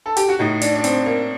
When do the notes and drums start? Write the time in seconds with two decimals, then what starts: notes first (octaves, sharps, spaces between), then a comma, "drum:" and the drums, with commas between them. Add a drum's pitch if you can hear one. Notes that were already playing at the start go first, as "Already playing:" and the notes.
0.06 A4
0.17 G4, drum: hi-hat
0.28 F#4
0.39 A2 D#4
0.61 D4, drum: hi-hat
0.75 D4
0.84 C4, drum: hi-hat
1.06 A#3